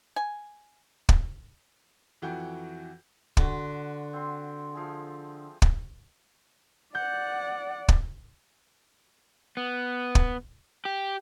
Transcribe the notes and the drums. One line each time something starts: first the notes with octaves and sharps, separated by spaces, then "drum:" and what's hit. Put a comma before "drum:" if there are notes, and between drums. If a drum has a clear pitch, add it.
G#5
drum: kick
F2 E3 F#4 G5 G6
D3 F#4 C6, drum: kick
C4 C6
F3 A3 G#4
drum: kick
D5 F#5 G6
drum: kick
B3
drum: kick
G4